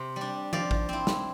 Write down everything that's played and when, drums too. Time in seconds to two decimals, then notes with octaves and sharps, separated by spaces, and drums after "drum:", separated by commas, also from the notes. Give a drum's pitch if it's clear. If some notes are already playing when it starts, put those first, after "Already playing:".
Already playing: C3
0.16 G3
0.21 D4
0.53 F3 D5 F5, drum: tom D#3
0.71 drum: kick
0.89 C4 E4
1.07 drum: snare